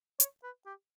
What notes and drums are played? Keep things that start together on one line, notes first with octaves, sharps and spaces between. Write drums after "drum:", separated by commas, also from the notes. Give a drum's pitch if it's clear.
C#5, drum: hi-hat
B4
G4